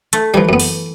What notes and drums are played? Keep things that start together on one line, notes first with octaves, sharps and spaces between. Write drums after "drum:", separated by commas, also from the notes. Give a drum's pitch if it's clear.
A3, drum: hi-hat
E3 F3 G3
F#2 B3
drum: open hi-hat